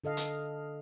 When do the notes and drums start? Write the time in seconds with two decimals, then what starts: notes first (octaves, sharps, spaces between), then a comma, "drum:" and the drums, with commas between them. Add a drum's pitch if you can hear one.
0.04 D3 A4 D#5 F5
0.17 drum: hi-hat